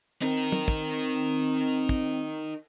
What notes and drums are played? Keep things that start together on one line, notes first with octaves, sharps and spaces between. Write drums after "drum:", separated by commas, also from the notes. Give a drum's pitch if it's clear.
C4 D#4 A#4, drum: cymbal
drum: tom
drum: kick
drum: kick